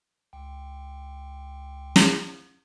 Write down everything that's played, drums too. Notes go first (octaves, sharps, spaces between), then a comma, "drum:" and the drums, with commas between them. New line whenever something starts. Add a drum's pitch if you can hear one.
C#2 G5
drum: snare